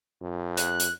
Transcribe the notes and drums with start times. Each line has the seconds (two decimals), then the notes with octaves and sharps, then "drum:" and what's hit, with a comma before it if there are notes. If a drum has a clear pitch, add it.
0.22 F2
0.57 F#6, drum: hi-hat
0.80 drum: hi-hat